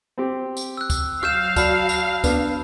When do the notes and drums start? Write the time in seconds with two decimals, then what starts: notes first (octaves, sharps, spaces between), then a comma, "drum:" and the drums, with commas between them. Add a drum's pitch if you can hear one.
0.18 C4 G4
0.57 drum: tambourine
0.77 E6 F#6
0.90 drum: kick, tambourine
1.23 F#3 F5 F6 G6 E7, drum: rim click
1.56 F#4 D5 A5 B5, drum: kick, tambourine
1.89 drum: tambourine
2.24 B3 D4, drum: kick, tambourine